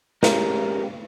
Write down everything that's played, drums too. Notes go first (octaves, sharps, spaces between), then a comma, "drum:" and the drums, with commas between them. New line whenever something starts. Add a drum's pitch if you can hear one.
G#3 C#4 G4 A#4, drum: snare